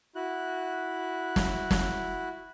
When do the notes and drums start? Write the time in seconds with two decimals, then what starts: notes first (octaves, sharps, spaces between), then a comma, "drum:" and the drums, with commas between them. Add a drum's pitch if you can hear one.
0.15 E4 F#4 F#6
1.36 drum: snare
1.71 drum: snare